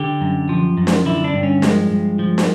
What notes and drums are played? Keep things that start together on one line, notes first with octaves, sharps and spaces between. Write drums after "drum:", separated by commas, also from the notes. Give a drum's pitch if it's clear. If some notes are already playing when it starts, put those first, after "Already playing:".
Already playing: D3 G4
F#2
F3
F#2
drum: snare
D3 E4
D4
G2
C#4
F3 G#3, drum: snare
G2
F3
drum: snare